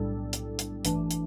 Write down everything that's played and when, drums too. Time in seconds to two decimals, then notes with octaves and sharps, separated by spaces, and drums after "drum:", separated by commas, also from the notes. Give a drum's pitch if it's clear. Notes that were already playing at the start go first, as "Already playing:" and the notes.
Already playing: B1 A2 G3 D4 A4
0.33 drum: hi-hat
0.59 drum: hi-hat
0.85 A1 G2 E3 A3 D4, drum: hi-hat
1.11 drum: hi-hat